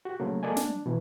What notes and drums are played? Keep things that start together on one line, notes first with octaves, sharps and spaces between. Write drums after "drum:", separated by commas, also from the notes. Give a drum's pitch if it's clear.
F#4 G4
C#3 F#3 A3 A#3
G#3 A#3 A4 D5 D#5 G#5
D4, drum: snare
B2 E3